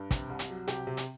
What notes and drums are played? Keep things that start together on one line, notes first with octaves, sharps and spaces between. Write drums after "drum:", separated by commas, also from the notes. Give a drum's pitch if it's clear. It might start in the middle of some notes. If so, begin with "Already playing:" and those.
Already playing: G2
C3, drum: kick, hi-hat
C2
drum: hi-hat
F#3
C3 G4, drum: hi-hat
C3
drum: hi-hat